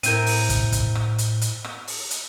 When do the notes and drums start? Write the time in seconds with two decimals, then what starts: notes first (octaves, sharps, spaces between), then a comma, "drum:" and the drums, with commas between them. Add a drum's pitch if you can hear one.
0.03 A2 C4 E4 A#4 G6 D#7, drum: hi-hat
0.26 drum: open hi-hat
0.49 drum: kick, hi-hat
0.72 drum: kick, hi-hat
0.95 drum: rim click
1.18 drum: hi-hat
1.41 drum: hi-hat
1.64 drum: rim click
1.87 drum: open hi-hat
2.11 drum: hi-hat